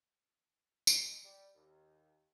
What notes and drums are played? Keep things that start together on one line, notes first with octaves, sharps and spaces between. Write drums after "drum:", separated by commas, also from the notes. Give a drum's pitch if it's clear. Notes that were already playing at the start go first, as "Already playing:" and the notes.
G#3, drum: tambourine
G3
D#2